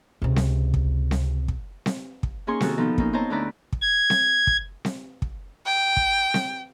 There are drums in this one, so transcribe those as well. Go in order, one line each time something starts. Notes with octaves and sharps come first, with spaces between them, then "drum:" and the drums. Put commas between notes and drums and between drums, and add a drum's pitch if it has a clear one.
C#2 C3
drum: snare C4
drum: kick
drum: snare C4
drum: kick
drum: snare C4
drum: kick
A#3 C#4 D#4 G#4 C6 C#6
C3 D#3 D#4 F#4 A4, drum: snare C4
A#2 F3 B3 D#4 A4
A#3 C#4 D#4, drum: kick
C4 C5 C#5 D#5 A5 A#5
D2 D4 E4 B4 D5 A#5
drum: kick
G#6
drum: snare C4
drum: kick
drum: snare C4
drum: kick
G5
drum: kick
drum: snare C4